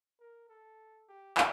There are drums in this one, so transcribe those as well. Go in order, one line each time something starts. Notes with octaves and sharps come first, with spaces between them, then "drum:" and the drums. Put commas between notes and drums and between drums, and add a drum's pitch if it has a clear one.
A#4
A4
G4
drum: clap